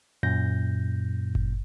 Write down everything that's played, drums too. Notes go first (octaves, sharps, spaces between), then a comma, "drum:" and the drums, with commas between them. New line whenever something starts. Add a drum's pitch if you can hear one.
F#2 A#2 G6 A#6
drum: kick G1